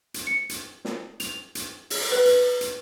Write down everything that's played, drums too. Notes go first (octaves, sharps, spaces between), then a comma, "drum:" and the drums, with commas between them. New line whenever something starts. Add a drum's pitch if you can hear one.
drum: hi-hat
C#7
drum: hi-hat
drum: snare
F7, drum: hi-hat
drum: hi-hat
drum: open hi-hat
B4
drum: hi-hat
drum: hi-hat